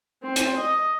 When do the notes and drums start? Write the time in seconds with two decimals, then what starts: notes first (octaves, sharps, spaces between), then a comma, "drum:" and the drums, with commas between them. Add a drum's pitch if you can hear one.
0.22 C4
0.36 drum: hi-hat
0.56 D#5